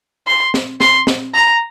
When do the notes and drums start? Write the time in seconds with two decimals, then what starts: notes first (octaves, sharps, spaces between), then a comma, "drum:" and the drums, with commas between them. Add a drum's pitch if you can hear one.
0.27 C6
0.54 drum: snare
0.80 C6, drum: snare
1.07 drum: snare
1.34 A#5